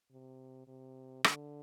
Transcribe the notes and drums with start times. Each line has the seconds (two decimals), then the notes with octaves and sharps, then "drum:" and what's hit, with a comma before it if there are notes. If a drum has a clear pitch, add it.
0.12 C3
0.67 C3
1.24 D3, drum: rim click